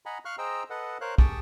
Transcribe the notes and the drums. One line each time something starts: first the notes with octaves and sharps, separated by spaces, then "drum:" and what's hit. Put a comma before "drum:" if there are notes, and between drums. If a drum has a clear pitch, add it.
D#5 F#5 G#5 A#5 B5
F5 C#6 F6 F#6
G#4 C5 D#5 G5 A#5 E6
A4 B4 D#5 F#5
A#4 C5 C#5 F5 F#6
G4 G#4 G5 A5 C#6 D#6, drum: kick